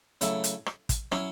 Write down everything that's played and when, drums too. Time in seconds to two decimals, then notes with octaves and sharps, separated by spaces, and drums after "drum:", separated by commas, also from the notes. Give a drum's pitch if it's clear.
0.21 C#3 F#3 A3 E4, drum: hi-hat
0.44 drum: hi-hat
0.66 drum: rim click
0.89 drum: kick, hi-hat
1.12 F#3 C#4 E4, drum: rim click